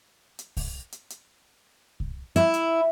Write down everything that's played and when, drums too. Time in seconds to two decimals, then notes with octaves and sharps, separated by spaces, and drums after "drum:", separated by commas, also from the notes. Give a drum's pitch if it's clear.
0.39 drum: hi-hat
0.57 drum: kick C2, open hi-hat
0.92 drum: hi-hat
1.10 drum: hi-hat
2.00 drum: kick C2
2.36 E4, drum: hi-hat
2.54 drum: hi-hat